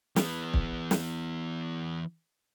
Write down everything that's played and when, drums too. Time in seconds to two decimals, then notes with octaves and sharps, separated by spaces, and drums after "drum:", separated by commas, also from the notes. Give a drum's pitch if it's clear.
0.16 E3 B3, drum: snare
0.54 drum: kick
0.91 drum: snare